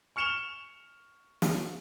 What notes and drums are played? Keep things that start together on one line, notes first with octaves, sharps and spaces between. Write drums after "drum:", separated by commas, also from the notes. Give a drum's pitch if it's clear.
C#6 F6 C#7 E7 F7 G7
drum: snare